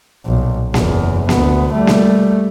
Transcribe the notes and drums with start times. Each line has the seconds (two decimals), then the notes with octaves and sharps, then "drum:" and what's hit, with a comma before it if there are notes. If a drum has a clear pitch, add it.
0.26 B1 A#2
0.74 F#1 E2, drum: snare A#3
1.29 D2 B3, drum: snare A#3
1.72 G3 A3
1.87 drum: snare A#3